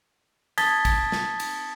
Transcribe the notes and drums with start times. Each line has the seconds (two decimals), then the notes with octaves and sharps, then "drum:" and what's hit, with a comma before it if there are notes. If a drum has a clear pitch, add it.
0.58 A5 D#6 G#6 A6 B6 G7, drum: cymbal
0.85 drum: kick, cymbal
1.12 drum: snare
1.40 drum: cymbal